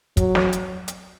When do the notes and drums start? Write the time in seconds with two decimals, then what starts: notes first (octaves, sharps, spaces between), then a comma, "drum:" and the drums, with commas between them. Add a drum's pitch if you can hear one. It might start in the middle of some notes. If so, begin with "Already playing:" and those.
0.17 F#3, drum: kick, hi-hat
0.35 drum: snare
0.53 drum: hi-hat
0.88 drum: hi-hat